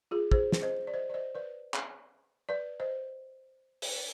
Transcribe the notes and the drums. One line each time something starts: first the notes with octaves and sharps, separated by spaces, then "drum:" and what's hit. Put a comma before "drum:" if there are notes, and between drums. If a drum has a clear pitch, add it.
F4 G#4
G#4 C5, drum: kick
drum: snare
C5 D#5
D5
C5 D#5
D5
C5 D#5
B4 D5
drum: clap
B4 D5
C5 D#5
drum: open hi-hat